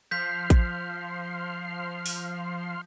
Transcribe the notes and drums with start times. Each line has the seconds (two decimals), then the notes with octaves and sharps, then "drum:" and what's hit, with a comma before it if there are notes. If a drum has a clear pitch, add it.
0.11 F3 F5 C6 G6 B6
0.50 drum: kick A1, hi-hat
2.06 drum: open hi-hat